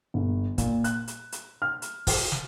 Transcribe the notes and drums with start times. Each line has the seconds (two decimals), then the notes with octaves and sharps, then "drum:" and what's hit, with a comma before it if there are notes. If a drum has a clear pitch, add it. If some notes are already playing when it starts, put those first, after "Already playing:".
0.14 G1
0.58 A#2, drum: kick, hi-hat
0.84 F#6, drum: hi-hat
1.08 drum: hi-hat
1.32 drum: hi-hat
1.62 F6
1.82 drum: hi-hat
2.07 drum: kick, open hi-hat
2.32 drum: snare